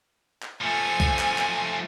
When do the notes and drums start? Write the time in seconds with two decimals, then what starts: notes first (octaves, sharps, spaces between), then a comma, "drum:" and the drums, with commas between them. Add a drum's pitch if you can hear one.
0.42 drum: clap
0.62 F3 A3 G#5
1.00 drum: kick, tambourine
1.19 drum: clap
1.38 drum: clap